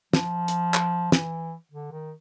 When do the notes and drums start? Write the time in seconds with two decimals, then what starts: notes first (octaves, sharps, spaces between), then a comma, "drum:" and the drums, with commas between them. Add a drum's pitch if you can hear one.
0.13 F3, drum: snare
0.48 drum: hi-hat
0.74 drum: clap
1.12 E3, drum: snare
1.72 D3
1.91 D#3